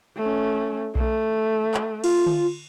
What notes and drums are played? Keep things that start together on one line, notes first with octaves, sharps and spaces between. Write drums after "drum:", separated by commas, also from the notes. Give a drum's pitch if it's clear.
A3 C#4
A3, drum: kick B1
drum: clap
F4, drum: cymbal
drum: tom D3